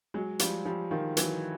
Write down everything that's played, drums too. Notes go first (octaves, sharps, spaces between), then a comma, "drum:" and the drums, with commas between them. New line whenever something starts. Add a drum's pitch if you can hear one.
F#3 G#3
F3 G3, drum: hi-hat
F3 G3
D#3 F3
E3 F#3, drum: hi-hat